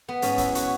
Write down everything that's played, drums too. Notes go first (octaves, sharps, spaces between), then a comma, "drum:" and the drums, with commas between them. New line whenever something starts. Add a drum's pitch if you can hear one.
B3
G#2 C#4, drum: hi-hat
F#3 E4, drum: kick, hi-hat
F#4, drum: hi-hat